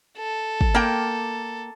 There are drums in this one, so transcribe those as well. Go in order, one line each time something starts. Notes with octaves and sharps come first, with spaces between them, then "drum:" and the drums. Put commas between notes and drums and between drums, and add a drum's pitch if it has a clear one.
A4
drum: kick
A#3 G5